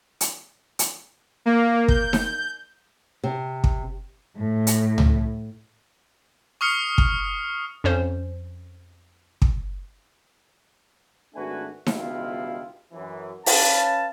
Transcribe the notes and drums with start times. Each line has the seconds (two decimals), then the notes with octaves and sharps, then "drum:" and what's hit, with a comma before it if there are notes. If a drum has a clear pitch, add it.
0.21 drum: hi-hat
0.79 drum: hi-hat
1.46 A#3
1.88 G6, drum: kick
2.13 drum: snare D#4
3.24 C3
3.64 drum: kick
4.38 A2
4.67 drum: hi-hat
4.98 drum: tom C#2
6.61 C#6 D#6 F6 C7 C#7
6.98 drum: kick
7.84 F2 C#4 C5
9.42 drum: kick
11.35 G#1 A3 D4 F#4 B4 G#5
11.86 C#2 G2 B2 D#3 E4 F4, drum: snare D#4
12.93 F#2 E3
13.46 C#4 B4 F5 A5, drum: open hi-hat